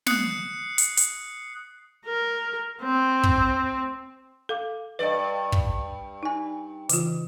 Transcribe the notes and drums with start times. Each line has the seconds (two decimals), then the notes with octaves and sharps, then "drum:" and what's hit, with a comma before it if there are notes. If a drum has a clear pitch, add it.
0.06 D#6 F#6 C7 C#7, drum: snare
0.78 drum: hi-hat
0.97 drum: hi-hat
2.06 A#4
2.83 C4
3.23 drum: kick
4.49 A4 F5 D6
4.99 G2 B4 D5 D#5
5.52 drum: kick
6.23 D#4 G#5
6.89 C#3 E3 F4, drum: hi-hat